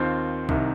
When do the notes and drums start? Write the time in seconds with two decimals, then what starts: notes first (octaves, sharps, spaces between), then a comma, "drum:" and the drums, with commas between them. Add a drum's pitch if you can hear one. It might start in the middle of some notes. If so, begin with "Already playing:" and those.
Already playing: D#2 D#3 C4 F4 C5
0.49 C2 C3 D#3, drum: kick C2